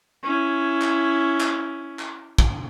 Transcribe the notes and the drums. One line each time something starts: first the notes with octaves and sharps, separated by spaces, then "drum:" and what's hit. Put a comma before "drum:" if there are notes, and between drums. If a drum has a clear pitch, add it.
C#4 E4
drum: clap
drum: clap
drum: clap
drum: kick